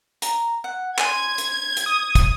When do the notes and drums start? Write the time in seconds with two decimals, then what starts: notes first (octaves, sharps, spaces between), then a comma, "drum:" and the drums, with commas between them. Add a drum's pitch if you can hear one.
0.22 A#5, drum: hi-hat
0.64 F#5
0.99 G#5 B5 C6 G#6, drum: clap
1.38 drum: hi-hat
1.77 drum: hi-hat
1.86 D#6
2.15 drum: kick, hi-hat